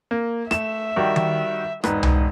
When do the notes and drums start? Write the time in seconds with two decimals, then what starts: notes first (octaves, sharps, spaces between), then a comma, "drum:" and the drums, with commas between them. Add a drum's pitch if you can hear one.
0.11 A#3
0.51 A3 E5 E7, drum: rim click
0.96 D#3 G3 F#4
1.16 drum: tom D#3
1.84 E1 G#2 D#4 B4, drum: rim click
2.03 drum: tom C2